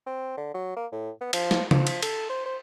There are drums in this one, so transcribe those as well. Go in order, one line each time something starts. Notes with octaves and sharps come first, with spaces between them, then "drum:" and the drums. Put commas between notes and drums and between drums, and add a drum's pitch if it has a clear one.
C4
D3
F#3
A#3
A2
B3
F3, drum: cymbal
drum: snare G#3
F3, drum: tom C#3
drum: cymbal
A4, drum: cymbal
C5
C5